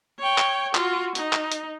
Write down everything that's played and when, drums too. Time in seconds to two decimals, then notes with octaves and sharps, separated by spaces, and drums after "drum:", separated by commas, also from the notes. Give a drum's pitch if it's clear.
0.19 C#5 G5
0.38 drum: clap
0.75 F4 F#4, drum: clap
1.15 D#4, drum: hi-hat
1.33 drum: clap
1.52 drum: hi-hat